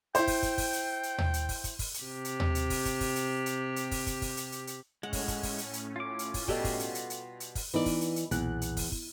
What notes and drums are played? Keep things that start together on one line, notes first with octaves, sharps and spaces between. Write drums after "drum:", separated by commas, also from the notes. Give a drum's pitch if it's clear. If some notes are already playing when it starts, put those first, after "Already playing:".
E4 C5 G5, drum: hi-hat
drum: kick, open hi-hat
drum: kick, hi-hat
drum: kick, open hi-hat
drum: hi-hat
drum: hi-hat
drum: tom D#2
drum: hi-hat
drum: kick, open hi-hat
drum: kick, hi-hat
drum: kick, open hi-hat
drum: hi-hat
C3 G4
drum: hi-hat
drum: tom D#2
drum: hi-hat
drum: kick, open hi-hat
drum: kick, hi-hat
drum: kick, open hi-hat
drum: hi-hat
drum: hi-hat
drum: hi-hat
drum: kick, open hi-hat
drum: kick, hi-hat
drum: kick, open hi-hat
drum: hi-hat
drum: hi-hat
drum: hi-hat
A2 G#3 C#4 F#5
drum: kick, open hi-hat
drum: kick, hi-hat
drum: kick, open hi-hat
drum: hi-hat
drum: hi-hat
F4 D6
drum: hi-hat
drum: kick, open hi-hat
B2 G3 G4 A4 D#5, drum: kick
drum: kick, open hi-hat
drum: hi-hat
drum: hi-hat
drum: hi-hat
drum: hi-hat
drum: kick, open hi-hat
E3 B3 D#4 D5
drum: kick, open hi-hat
drum: hi-hat
drum: hi-hat
B1 E2 A#2 F#6, drum: hi-hat
drum: hi-hat
drum: kick, open hi-hat
drum: kick